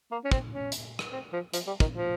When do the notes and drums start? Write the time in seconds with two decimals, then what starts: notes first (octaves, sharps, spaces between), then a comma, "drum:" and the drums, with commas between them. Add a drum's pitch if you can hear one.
0.11 A#3
0.25 C#4
0.31 C4, drum: kick
0.52 C#4
0.72 drum: hi-hat
0.99 drum: rim click
1.13 C4
1.33 F3
1.54 F3, drum: hi-hat
1.67 G3
1.80 D#3, drum: kick
1.94 F3